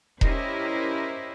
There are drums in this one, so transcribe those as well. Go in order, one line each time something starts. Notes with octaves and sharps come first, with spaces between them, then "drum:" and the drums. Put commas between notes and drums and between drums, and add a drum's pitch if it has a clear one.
C#4 E4 G4 A#4 C5 D#5, drum: kick E1